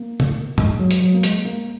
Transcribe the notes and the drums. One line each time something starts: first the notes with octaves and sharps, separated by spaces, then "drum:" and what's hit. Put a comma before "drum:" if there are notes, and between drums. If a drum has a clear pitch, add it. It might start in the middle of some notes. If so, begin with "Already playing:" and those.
Already playing: A#3
drum: tom
G#3, drum: tom
F#3
drum: hi-hat
F#3
A#3
G#3, drum: hi-hat
A#3